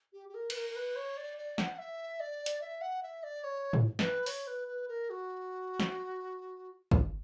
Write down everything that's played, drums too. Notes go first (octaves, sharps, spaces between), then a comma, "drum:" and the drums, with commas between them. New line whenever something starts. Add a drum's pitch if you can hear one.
G4
G4
A#4
B4, drum: cymbal
A#4
A#4
B4
C#5
D5
D5
F#5, drum: snare
F#5
E5
D5
drum: hi-hat
E5
F#5
E5
D5
C#5
drum: tom
B4, drum: snare
C#5, drum: open hi-hat
B4
B4
A#4
F#4
drum: snare
drum: kick